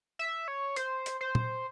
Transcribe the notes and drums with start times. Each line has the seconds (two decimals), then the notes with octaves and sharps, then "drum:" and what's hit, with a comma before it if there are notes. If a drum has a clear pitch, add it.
0.19 E5
0.48 C#5
0.76 C5, drum: hi-hat
1.06 drum: hi-hat
1.21 C5
1.35 drum: tom